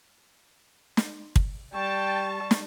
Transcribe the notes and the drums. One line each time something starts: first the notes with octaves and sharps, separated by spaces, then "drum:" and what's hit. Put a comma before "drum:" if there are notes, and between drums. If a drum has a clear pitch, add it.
drum: snare
drum: kick
G3 G5 A5 C#6
drum: snare